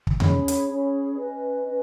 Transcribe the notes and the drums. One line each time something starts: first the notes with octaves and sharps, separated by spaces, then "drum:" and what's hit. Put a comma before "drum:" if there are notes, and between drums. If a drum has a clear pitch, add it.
drum: kick
C#4 G#4 C#5 B5, drum: tom E2
drum: hi-hat
C#4 G#4 C#5 B5
C#4 B4 D#5
C#4 B4 D#5